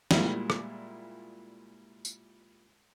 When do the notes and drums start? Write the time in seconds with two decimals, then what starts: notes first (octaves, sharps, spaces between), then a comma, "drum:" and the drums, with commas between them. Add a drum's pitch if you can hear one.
0.11 A#2 G3 G#3 A#3 E4 F#4, drum: snare
0.50 drum: rim click
2.05 drum: tambourine